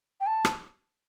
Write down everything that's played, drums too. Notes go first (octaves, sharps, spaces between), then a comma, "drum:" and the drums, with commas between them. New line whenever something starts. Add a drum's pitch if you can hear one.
G5
A5
drum: rim click